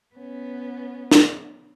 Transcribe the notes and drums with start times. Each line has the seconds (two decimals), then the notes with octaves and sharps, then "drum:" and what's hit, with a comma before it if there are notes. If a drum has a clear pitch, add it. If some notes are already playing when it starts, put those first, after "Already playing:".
0.15 B3 C#4
1.11 drum: snare